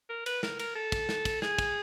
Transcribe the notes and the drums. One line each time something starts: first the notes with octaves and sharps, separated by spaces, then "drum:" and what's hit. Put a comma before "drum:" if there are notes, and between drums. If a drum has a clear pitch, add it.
A#4
B4, drum: cymbal
A#4, drum: snare
A#4, drum: cymbal
A4
drum: kick, cymbal
drum: snare
drum: kick, cymbal
G#4, drum: snare
drum: kick, cymbal